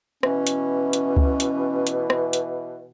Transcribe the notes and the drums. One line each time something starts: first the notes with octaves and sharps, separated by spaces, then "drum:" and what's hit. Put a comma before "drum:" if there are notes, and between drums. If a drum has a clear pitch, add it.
B2 E3 C#4, drum: rim click
drum: hi-hat
drum: hi-hat
drum: kick C#2
drum: hi-hat
drum: hi-hat
drum: rim click
drum: hi-hat